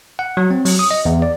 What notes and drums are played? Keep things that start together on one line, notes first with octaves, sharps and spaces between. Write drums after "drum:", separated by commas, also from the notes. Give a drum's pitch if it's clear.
F#5
F#3
C4
F#3, drum: open hi-hat
D#6
D#5
E2
D5